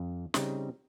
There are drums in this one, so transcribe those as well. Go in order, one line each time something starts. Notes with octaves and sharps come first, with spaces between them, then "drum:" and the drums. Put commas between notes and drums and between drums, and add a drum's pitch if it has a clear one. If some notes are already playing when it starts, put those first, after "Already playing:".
Already playing: F2
C#3 G3 C4 D#4, drum: snare